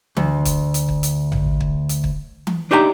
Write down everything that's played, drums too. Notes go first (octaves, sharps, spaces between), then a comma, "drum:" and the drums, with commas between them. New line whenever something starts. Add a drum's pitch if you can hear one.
D2, drum: tom E3
drum: kick, hi-hat
drum: hi-hat
drum: kick
drum: hi-hat
drum: tom A1
drum: kick
drum: hi-hat
drum: kick
drum: tom E3
D4 D#4 G4 E5 G#5 A#5